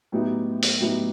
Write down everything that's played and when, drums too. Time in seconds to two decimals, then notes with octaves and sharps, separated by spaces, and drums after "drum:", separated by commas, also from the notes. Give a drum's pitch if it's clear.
0.12 A2 F#3 B3 D#4 G4
0.63 drum: open hi-hat
0.80 A2 F#3 B3 D#4 G4